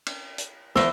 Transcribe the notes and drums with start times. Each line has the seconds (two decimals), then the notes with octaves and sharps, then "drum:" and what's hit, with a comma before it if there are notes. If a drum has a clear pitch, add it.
0.06 drum: cymbal
0.38 drum: hi-hat
0.76 E2 C5 E6, drum: snare